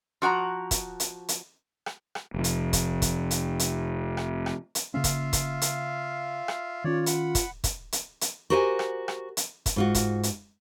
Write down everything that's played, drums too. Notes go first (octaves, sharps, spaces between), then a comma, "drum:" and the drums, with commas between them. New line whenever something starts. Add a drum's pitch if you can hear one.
F3 F#4 F#5 A#5
drum: kick, hi-hat
drum: hi-hat
drum: hi-hat
drum: rim click
drum: rim click
F1 F3
drum: hi-hat
drum: kick, hi-hat
drum: kick, hi-hat
drum: hi-hat
drum: hi-hat
drum: rim click
drum: rim click
drum: hi-hat
C#3 A#3 C#4 F4 E5 F5
drum: kick, hi-hat
drum: kick, hi-hat
drum: hi-hat
drum: rim click
D#3 C#4 F4 C#5 D5
F#5 B5, drum: hi-hat
drum: kick, hi-hat
drum: kick, hi-hat
drum: hi-hat
drum: hi-hat
F#4 G4 A#4 C5 D#5 G#5
drum: rim click
drum: rim click
drum: hi-hat
drum: kick, hi-hat
G#2 F4 F#4
drum: kick, hi-hat
drum: hi-hat